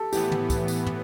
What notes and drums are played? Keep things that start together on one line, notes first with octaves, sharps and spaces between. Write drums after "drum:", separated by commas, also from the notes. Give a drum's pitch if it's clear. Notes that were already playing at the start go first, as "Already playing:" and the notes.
Already playing: G4 A4
A2 E3 B3 G4, drum: tambourine
drum: tom
drum: kick, tambourine
drum: tambourine
drum: tom